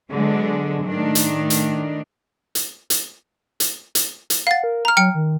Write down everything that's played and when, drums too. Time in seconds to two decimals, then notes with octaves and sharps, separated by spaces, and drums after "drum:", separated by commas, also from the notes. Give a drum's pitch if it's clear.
0.10 D3 F#3 G#3 B3 D4
0.84 A2 D#3 D4
1.15 drum: hi-hat
1.50 drum: hi-hat
2.55 drum: hi-hat
2.90 drum: hi-hat
3.60 drum: hi-hat
3.95 drum: hi-hat
4.30 drum: hi-hat
4.47 F5 F#5 A6
4.64 A#4
4.85 A#5 F6
4.97 F#3 G5 F6 C#7
5.14 D#3